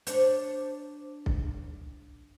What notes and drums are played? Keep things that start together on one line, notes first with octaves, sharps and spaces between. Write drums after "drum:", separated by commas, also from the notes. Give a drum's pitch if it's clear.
D4 C5 C#5, drum: hi-hat
drum: kick B1